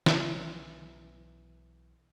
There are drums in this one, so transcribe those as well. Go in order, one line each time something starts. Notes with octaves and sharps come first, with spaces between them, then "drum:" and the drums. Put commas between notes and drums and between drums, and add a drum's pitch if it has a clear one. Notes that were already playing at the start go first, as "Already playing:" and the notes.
B1 E3, drum: snare